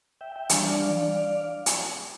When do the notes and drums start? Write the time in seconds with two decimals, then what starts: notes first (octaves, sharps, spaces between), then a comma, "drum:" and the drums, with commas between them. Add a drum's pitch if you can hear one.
0.21 E5 G5
0.36 E5 G5
0.49 E3 G3 D4 F5 A5, drum: hi-hat
0.64 D5 F5
1.66 drum: hi-hat